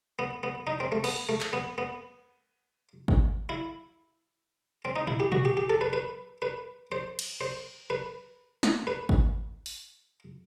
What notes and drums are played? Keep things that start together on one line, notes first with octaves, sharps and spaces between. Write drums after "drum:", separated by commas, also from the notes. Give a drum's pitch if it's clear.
B3
B3
D#4
C4
A3
B3, drum: cymbal
A3
drum: clap
B3
B3
drum: kick G#1
E4
C4
D#4
E4, drum: tom
G4
F#4, drum: tom
G4
G4
A4
B4
B4
B4
C5
drum: cymbal
C5
B4
drum: snare
B4
drum: kick G#1
drum: open hi-hat